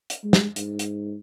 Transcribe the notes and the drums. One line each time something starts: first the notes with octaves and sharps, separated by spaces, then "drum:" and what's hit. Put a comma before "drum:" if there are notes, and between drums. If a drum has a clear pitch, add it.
drum: hi-hat
G#3
drum: snare
G#2, drum: hi-hat
drum: hi-hat